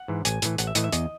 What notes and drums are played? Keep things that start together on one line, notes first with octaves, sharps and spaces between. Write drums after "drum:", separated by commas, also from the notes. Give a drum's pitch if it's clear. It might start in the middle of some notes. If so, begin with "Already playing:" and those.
Already playing: F#5
G#2 E3
A1 G#5, drum: hi-hat
A2 E3, drum: hi-hat
A1 F#5, drum: hi-hat
E5
A2 E3 D#5, drum: hi-hat
E5
E2 D#5, drum: hi-hat